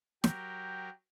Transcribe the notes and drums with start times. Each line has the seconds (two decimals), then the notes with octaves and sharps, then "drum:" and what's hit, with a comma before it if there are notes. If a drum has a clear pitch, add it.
0.24 F#3 G4 A#4 G5, drum: snare